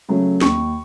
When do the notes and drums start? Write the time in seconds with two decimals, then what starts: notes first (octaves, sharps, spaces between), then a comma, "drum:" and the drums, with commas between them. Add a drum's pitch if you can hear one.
0.09 C#3 F#3 A3
0.41 D#2 C#6, drum: snare